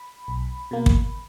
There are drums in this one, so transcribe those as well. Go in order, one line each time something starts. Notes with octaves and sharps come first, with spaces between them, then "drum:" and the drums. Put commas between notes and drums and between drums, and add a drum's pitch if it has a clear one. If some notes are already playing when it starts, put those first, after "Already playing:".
Already playing: B5
B1
B2 A#3
drum: kick